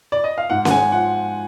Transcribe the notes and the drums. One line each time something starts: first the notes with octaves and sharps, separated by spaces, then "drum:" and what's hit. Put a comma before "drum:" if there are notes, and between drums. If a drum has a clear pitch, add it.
D5
D#5
F5
G#2 F#5
F#5, drum: snare C#4
G#5
F3 F#5